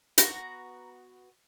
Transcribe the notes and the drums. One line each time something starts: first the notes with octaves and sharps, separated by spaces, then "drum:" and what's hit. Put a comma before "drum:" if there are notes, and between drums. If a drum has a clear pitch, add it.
B3 D4 F#4 A#5, drum: hi-hat